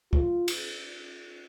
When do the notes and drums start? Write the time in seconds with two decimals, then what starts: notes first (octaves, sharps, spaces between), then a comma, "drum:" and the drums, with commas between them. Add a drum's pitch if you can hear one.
0.13 F4, drum: kick
0.48 drum: cymbal